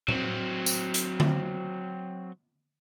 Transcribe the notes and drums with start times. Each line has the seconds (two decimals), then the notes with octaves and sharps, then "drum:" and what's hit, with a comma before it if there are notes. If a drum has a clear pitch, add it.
0.08 F#3 C4, drum: tom A2
0.66 drum: tambourine
0.94 drum: hi-hat
1.20 drum: tom D3